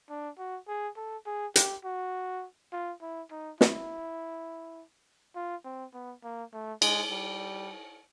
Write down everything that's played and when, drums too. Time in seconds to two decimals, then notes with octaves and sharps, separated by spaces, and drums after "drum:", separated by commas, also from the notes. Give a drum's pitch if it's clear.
0.09 D4
0.38 F#4
0.68 G#4
0.97 A4
1.27 G#4
1.56 G4, drum: hi-hat
1.85 F#4
2.72 F4
3.02 E4
3.31 D#4
3.61 E4, drum: snare
5.35 F4
5.65 C4
5.94 B3
6.24 A#3
6.53 A3
6.82 G#3, drum: cymbal
7.11 G3